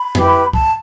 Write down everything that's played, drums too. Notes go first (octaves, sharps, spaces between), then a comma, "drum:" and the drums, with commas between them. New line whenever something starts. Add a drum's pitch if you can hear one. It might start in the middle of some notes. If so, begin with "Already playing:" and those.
Already playing: B5
E4 G4 B4, drum: tom F2
A5, drum: kick